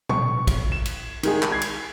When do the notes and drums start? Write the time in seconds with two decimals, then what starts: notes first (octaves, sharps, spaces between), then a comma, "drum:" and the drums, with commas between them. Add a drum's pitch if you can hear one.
0.09 C#6, drum: tom A#2
0.47 drum: kick, cymbal
0.72 E7
0.85 drum: cymbal
1.23 D#3 G#3 G#4, drum: cymbal
1.42 drum: clap
1.52 G#6 C7
1.61 drum: cymbal